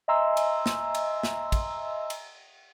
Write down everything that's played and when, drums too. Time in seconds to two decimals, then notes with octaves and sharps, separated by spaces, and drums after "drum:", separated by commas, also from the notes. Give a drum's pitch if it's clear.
0.08 D#5 E5 G#5 A#5 C6 E6
0.37 drum: cymbal
0.66 drum: snare
0.95 drum: cymbal
1.23 drum: snare
1.52 drum: kick, cymbal
2.10 drum: cymbal